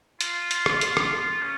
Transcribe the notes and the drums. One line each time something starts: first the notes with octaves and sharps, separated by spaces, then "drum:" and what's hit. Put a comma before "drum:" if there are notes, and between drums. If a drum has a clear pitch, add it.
F4, drum: hi-hat
drum: hi-hat
drum: rim click
drum: hi-hat
drum: rim click
C#4